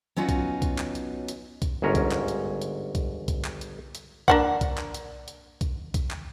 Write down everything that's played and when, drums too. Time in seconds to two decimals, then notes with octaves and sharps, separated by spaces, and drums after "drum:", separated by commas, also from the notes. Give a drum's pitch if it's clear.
0.16 F#3 B3 C#4 D#4 F4 F#4
0.29 drum: kick B1, hi-hat
0.62 drum: kick B1, hi-hat
0.79 drum: clap
0.95 drum: hi-hat
1.28 drum: hi-hat
1.62 drum: kick B1, hi-hat
1.82 G1 G#2 C#4 A#4
1.95 drum: kick B1, hi-hat
2.12 drum: clap
2.28 drum: hi-hat
2.62 drum: hi-hat
2.95 drum: kick B1, hi-hat
3.28 drum: kick B1, hi-hat
3.45 drum: clap
3.61 drum: hi-hat
3.95 drum: hi-hat
4.28 A#3 D4 F#5, drum: kick B1
4.61 drum: kick B1, hi-hat
4.78 drum: clap
4.94 drum: hi-hat
5.28 drum: hi-hat
5.61 drum: kick B1, hi-hat
5.94 drum: kick B1, hi-hat
6.11 drum: clap